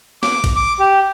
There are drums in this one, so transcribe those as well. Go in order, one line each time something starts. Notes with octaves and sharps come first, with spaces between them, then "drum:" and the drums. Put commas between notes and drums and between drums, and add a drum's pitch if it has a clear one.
D6, drum: snare
drum: kick, cymbal
D6
G4